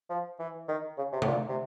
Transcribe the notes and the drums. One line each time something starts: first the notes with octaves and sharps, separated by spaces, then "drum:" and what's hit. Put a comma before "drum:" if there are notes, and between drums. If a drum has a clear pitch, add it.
F3
E3
D#3
C#3
C3
A2, drum: tom C3
A#2
C3